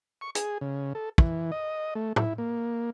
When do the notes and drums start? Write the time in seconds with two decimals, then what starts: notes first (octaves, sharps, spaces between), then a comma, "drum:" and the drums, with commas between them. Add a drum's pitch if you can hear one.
0.21 C#6
0.35 G#4, drum: hi-hat
0.61 C#3
0.95 A4
1.18 E3, drum: kick
1.52 D#5
1.95 A3
2.16 E4, drum: tom
2.38 A#3